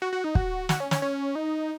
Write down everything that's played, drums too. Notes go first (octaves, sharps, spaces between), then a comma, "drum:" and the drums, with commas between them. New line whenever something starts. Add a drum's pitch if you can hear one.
F#4
F#4
D#4
F#4, drum: kick
F#4, drum: snare
C#4
C#4, drum: snare
C#4
D#4